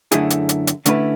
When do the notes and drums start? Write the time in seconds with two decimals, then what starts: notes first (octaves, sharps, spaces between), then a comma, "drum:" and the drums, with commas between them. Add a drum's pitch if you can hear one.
0.12 F#2 D3 A3 E4 G#4, drum: hi-hat
0.30 drum: hi-hat
0.49 drum: hi-hat
0.67 drum: hi-hat
0.86 D3 A3 C#4 E4 B4, drum: hi-hat